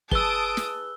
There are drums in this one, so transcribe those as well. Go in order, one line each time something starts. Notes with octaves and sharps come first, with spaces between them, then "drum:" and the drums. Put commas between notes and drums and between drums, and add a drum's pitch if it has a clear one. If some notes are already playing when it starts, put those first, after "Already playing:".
G#4 B4 A5 D#6 E6 D7 G7, drum: kick
drum: snare